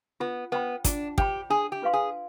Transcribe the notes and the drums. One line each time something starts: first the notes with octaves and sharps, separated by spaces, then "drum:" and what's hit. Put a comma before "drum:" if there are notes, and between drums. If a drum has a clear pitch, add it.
B3 F4
B3 C5 G5 B5
D4 F4, drum: kick, hi-hat
G4 C5 G5 B5, drum: kick
D4 G#4
G4
F4 B4 F5 C6
G#4